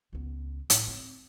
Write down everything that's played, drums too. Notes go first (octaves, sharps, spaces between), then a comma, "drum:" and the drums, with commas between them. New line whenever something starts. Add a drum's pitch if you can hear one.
C#2 B3
A2, drum: hi-hat
C4